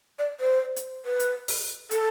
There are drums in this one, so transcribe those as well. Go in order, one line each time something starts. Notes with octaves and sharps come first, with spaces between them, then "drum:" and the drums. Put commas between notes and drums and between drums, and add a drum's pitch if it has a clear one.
D5
C5
drum: hi-hat
B4
drum: hi-hat
drum: open hi-hat
A4, drum: hi-hat